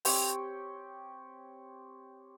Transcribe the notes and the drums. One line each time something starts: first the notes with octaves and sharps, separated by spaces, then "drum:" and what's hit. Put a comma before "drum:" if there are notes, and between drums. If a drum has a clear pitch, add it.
C4 G4 C#5 G5, drum: open hi-hat